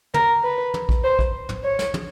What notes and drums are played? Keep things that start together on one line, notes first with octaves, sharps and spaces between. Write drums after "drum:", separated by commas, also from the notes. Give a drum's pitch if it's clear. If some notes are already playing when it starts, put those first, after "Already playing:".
A#4, drum: tom
B4
drum: tom
drum: kick A#1
C5
drum: kick A#1
drum: tom
C#5
drum: snare
drum: tom